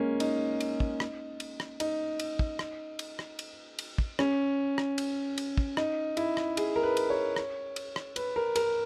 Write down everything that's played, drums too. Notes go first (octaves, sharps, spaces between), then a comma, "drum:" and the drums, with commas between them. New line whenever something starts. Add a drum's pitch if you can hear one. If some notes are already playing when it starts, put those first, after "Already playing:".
Already playing: G#3 A#3 C#4
D#4, drum: cymbal
drum: cymbal
drum: kick
drum: rim click
drum: cymbal
drum: rim click
D#4, drum: cymbal
drum: cymbal
drum: kick
drum: rim click
drum: cymbal
drum: rim click
drum: cymbal
drum: cymbal
drum: kick
C#4, drum: rim click
drum: rim click
drum: cymbal
drum: cymbal
drum: kick
D#4, drum: rim click
E4, drum: cymbal
drum: rim click
G#4, drum: cymbal
A#4
B4
drum: cymbal
C#5
drum: rim click
drum: cymbal
drum: rim click
B4, drum: cymbal
A#4
A#4, drum: cymbal